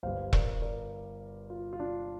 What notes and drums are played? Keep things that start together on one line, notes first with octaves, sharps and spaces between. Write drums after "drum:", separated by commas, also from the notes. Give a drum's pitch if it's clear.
G1 G2 G3 C5 F5
A#4 D5, drum: kick E1
A#4 D5
F4
F4
D4